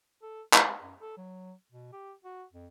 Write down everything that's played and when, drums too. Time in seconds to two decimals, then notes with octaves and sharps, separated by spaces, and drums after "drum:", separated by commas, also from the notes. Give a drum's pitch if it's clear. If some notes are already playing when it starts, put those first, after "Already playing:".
0.22 A4
0.54 G#3, drum: clap
0.82 F#2
1.01 A4
1.17 F#3
1.72 B2
1.93 G4
2.25 F#4
2.53 F2